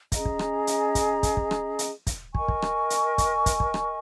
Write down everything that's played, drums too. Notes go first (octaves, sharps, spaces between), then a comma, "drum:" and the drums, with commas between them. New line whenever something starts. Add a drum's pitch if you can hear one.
C#4 G#4 D#5 A#5, drum: kick, hi-hat
drum: kick
drum: rim click
drum: hi-hat
drum: kick, hi-hat
drum: kick, hi-hat
drum: kick
drum: rim click
drum: hi-hat
drum: kick, hi-hat
A#4 D#5 G#5 C#6, drum: kick
drum: kick
drum: rim click
drum: hi-hat
drum: kick, hi-hat
drum: kick, hi-hat
drum: kick
drum: rim click